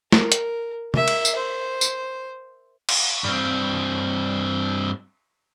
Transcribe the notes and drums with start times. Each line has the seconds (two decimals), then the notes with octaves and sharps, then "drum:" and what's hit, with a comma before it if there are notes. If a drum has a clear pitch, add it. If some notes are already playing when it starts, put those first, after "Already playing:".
0.12 A#4, drum: snare
0.32 drum: hi-hat
0.94 A#3 E5, drum: tom C3
1.08 drum: cymbal
1.25 drum: tambourine
1.36 C5
1.81 drum: tambourine
2.89 drum: cymbal
3.24 G2 C4